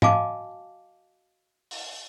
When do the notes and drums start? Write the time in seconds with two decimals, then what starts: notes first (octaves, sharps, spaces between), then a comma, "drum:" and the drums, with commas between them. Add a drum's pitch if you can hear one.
0.02 F#4 D#5 F5 G#5 A5 D6, drum: tom G#2
1.71 drum: open hi-hat